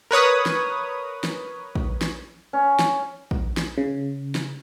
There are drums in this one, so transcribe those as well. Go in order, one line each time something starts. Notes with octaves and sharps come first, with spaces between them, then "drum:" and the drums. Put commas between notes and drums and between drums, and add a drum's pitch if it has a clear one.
A#4 B4 C#5 D#6
drum: snare
drum: snare
drum: kick A#1
drum: snare
C#4
drum: snare
drum: kick A#1
drum: snare
C#3
drum: snare